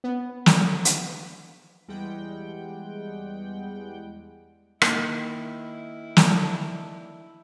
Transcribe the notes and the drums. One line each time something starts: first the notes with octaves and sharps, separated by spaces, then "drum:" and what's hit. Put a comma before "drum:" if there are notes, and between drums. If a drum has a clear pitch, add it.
B3
drum: snare
drum: hi-hat
E2 G3 G#3 F#5 G5
D#3 A#3 E4, drum: rim click
D4, drum: snare